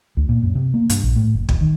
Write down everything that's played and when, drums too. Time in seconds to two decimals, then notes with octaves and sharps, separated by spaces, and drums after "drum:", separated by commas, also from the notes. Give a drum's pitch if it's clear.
0.17 D2
0.29 A#2
0.43 F#2
0.55 C3
0.74 A#3
0.90 G2, drum: hi-hat
1.03 A#1
1.15 A2
1.35 F#1
1.49 D#1, drum: kick
1.61 D#3